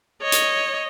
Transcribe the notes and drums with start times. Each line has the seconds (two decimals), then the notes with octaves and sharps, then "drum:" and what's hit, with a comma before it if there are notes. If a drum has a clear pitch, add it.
0.22 C#5 D#5
0.32 drum: hi-hat